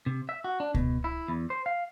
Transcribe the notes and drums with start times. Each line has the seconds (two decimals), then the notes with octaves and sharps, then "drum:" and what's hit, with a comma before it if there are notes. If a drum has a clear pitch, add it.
0.06 C3
0.29 E5
0.44 F#4
0.60 D4
0.74 B2, drum: kick C#2
1.04 E4
1.28 E2
1.50 C5
1.66 F5